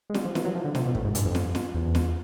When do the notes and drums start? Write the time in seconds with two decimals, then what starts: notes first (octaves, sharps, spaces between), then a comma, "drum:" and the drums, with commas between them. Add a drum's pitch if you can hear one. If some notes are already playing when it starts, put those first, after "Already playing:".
0.10 G#3
0.14 G3, drum: snare
0.25 F3
0.35 E3, drum: snare
0.45 F#3
0.55 F3
0.64 D3
0.75 C3, drum: snare
0.85 B2
0.95 A2, drum: kick
1.04 G#2
1.15 G2, drum: hi-hat
1.25 F2
1.35 drum: snare
1.55 drum: snare
1.75 E2
1.95 drum: snare